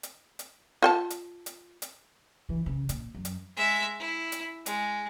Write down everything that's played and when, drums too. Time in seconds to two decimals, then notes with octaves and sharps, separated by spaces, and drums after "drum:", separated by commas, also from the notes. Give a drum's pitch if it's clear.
0.03 drum: hi-hat
0.39 drum: hi-hat
0.82 F4 G5 A5
1.10 drum: hi-hat
1.46 drum: hi-hat
1.82 drum: hi-hat
2.49 E3
2.66 C#3
2.89 A#2, drum: hi-hat
3.15 F#2
3.25 drum: hi-hat
3.57 G#3 E5
4.00 E4
4.32 drum: hi-hat
4.66 G#3, drum: hi-hat